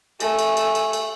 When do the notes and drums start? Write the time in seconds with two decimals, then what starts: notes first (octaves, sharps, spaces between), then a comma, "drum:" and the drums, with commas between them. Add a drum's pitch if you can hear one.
0.20 A3 G#5, drum: cymbal
0.39 drum: cymbal
0.57 drum: cymbal
0.75 drum: cymbal
0.93 drum: cymbal